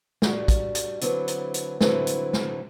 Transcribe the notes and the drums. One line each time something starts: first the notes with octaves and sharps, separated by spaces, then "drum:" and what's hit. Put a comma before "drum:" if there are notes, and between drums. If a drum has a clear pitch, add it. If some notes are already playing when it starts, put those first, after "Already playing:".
G3 D4 F#4, drum: snare
drum: kick, hi-hat
drum: hi-hat
D3 F#3 C4 E4 B4, drum: hi-hat
drum: hi-hat
drum: hi-hat
D3 F#3 C4 E4 B4, drum: snare
drum: hi-hat
drum: snare